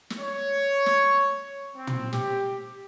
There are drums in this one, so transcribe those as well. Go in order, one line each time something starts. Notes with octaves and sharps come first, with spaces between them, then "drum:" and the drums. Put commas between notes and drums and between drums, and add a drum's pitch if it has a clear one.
drum: snare
C#5
drum: snare
C4
drum: tom
G4, drum: snare